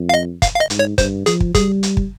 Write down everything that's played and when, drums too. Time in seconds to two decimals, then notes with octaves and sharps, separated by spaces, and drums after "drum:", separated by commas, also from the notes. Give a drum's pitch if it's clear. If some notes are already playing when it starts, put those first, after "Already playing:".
Already playing: F2
0.09 F5
0.14 D#5
0.42 F5, drum: kick, hi-hat
0.55 F5
0.60 D#5
0.70 G#2, drum: hi-hat
0.79 C#5
0.98 G2 C5, drum: kick, hi-hat
1.26 F3 G#4, drum: hi-hat
1.40 drum: kick
1.54 G3 G#4, drum: kick, hi-hat
1.83 drum: hi-hat
1.97 drum: kick